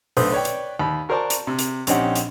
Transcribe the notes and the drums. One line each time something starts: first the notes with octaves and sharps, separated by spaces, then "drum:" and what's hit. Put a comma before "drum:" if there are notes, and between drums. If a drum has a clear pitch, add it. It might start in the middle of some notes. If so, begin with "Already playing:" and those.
B1 D3 A3 B4 C5 D#6, drum: open hi-hat
B4 C#5 D5 G5
drum: hi-hat
D#2 B5
F#4 A#4 C5 D5 A5 C#6
drum: hi-hat
C3
drum: hi-hat
A#1 C4 C#4 D#4 G4 F#5, drum: hi-hat
drum: hi-hat